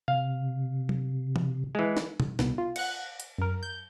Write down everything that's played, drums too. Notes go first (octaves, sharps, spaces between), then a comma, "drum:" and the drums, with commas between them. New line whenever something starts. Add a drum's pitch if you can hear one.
C3 F5
drum: tom F#3
drum: tom E3
E3 G#3
drum: snare
drum: tom B2
C2 B2, drum: snare
F4
F#5 F#6, drum: cymbal
drum: hi-hat
F#2 A#4
G6